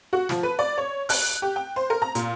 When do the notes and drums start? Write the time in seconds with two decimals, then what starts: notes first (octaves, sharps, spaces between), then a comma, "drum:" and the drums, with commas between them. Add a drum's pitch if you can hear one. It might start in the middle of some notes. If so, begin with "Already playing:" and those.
0.13 F#4
0.29 F3, drum: snare
0.43 B4
0.59 D5
0.78 C#5
1.09 F#6, drum: open hi-hat
1.42 G4
1.56 G5
1.76 C5
1.90 A#4
2.02 A#5
2.15 A#2, drum: hi-hat